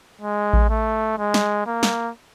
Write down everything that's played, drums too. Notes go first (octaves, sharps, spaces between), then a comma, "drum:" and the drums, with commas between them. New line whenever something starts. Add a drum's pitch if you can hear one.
G#3
drum: kick A1
A3
G#3
drum: snare
A#3
drum: snare